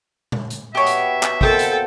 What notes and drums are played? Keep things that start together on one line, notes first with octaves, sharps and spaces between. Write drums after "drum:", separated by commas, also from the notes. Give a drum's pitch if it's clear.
drum: tom A#2
drum: hi-hat
B2 B3 G4 C#5 E5
drum: hi-hat
drum: clap
B2 A#3 C4 A4 G5, drum: kick
drum: hi-hat